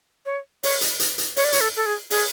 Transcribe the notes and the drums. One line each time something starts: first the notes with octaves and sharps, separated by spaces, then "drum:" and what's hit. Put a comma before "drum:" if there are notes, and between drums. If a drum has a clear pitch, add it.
C#5
C#5, drum: open hi-hat
drum: hi-hat
drum: hi-hat
drum: hi-hat
C#5, drum: open hi-hat
D5
C#5, drum: hi-hat
A4
A4
G#4
G#4, drum: open hi-hat